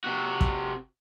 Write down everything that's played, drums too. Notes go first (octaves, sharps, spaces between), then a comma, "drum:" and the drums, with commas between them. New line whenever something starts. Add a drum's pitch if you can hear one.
C3 F#4
drum: kick